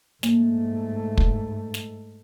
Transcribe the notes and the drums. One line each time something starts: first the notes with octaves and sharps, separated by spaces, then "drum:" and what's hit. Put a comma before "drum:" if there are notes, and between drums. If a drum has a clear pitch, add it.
G#2 A3 A#3, drum: snare
drum: kick
drum: snare